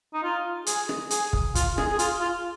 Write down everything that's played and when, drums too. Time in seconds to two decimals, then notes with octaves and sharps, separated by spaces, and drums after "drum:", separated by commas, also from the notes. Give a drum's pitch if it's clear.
0.14 D#4
0.23 F4
0.66 G#4, drum: hi-hat
0.89 drum: rim click
1.11 G#4, drum: hi-hat
1.33 drum: kick
1.55 F4, drum: kick, hi-hat
1.78 G#4, drum: rim click
1.92 G#4
1.99 F4, drum: hi-hat
2.21 F4